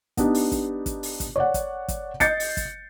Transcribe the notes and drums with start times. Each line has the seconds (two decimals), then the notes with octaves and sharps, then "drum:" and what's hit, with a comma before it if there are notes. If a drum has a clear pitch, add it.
0.17 B3 D4 D#4 G4, drum: kick, hi-hat
0.35 drum: open hi-hat
0.52 drum: kick, hi-hat
0.86 drum: kick, hi-hat
1.03 drum: open hi-hat
1.20 drum: kick, hi-hat
1.36 C#5 D5 F#5
1.54 drum: kick, hi-hat
1.88 drum: kick, hi-hat
2.20 D#5 G6 A6 C7 C#7, drum: kick, hi-hat
2.40 drum: open hi-hat
2.57 drum: kick, hi-hat